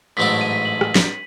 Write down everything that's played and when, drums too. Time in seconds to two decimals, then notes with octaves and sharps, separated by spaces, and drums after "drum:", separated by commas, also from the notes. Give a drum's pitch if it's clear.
0.17 A1 G#2 F#3 A3 E4 B6
0.41 D#7
0.53 B6
0.65 F#7
0.81 drum: rim click
0.95 drum: snare